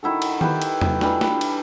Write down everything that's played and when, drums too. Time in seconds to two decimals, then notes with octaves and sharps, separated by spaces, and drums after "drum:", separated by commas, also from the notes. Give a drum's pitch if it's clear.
0.03 D#3 E4 F#4 A4
0.22 drum: cymbal
0.41 G4 B4, drum: tom D#3
0.62 drum: cymbal
0.81 drum: tom
1.01 E3 G3 D4, drum: snare
1.21 drum: snare
1.41 drum: cymbal